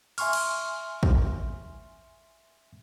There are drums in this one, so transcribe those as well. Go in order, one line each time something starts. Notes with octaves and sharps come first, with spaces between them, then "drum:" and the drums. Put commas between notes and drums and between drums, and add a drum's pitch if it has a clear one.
E5 G#5 C6 C#6 F6, drum: open hi-hat
drum: cymbal
drum: kick